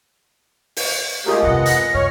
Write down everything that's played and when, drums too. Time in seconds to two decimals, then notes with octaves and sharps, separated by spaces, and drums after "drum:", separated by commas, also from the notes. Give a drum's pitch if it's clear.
0.77 drum: open hi-hat
1.26 G#3 A3 F4 G4 G#4 A#4
1.43 F2 C3 B3 D#5 F#5
1.66 A#6, drum: hi-hat
1.94 F#2 C#5 C#6 F6